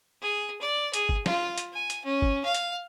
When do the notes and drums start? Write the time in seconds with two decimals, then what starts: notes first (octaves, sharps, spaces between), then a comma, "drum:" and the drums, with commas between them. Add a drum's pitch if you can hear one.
0.21 G#4
0.61 D5
0.93 G#4, drum: hi-hat
1.09 drum: kick G1
1.26 F4, drum: snare
1.58 drum: hi-hat
1.73 G#5
1.90 drum: hi-hat
2.05 C#4
2.22 drum: kick G1
2.45 F5
2.54 drum: hi-hat